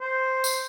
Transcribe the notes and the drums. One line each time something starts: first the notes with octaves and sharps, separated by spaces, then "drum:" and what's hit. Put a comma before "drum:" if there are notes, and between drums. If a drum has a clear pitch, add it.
C5
drum: tambourine